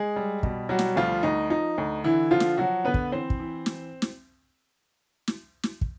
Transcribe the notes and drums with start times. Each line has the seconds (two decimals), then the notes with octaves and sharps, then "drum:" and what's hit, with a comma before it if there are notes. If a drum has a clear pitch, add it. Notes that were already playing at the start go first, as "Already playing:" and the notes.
Already playing: G#3 G#4
0.16 G3
0.43 B2, drum: kick
0.69 F#3 G3 F#4
0.79 drum: snare
0.96 D2 F3 F4
1.23 D2 D#4
1.50 F3 D#4
1.78 D2
2.04 D3 E3 E4
2.31 D3 F3 F4
2.40 drum: snare
2.58 F3 F#3 F#4
2.85 D3 B3 B4
2.94 drum: kick
3.12 E3 C4 C5
3.30 drum: kick
3.40 E3
3.66 drum: snare
4.02 drum: snare
5.28 drum: snare
5.63 drum: snare
5.81 drum: kick